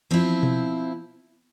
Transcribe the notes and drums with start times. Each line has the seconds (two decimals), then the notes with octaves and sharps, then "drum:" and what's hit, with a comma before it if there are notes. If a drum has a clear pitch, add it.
0.11 F3 C4 E4
0.43 drum: tom B2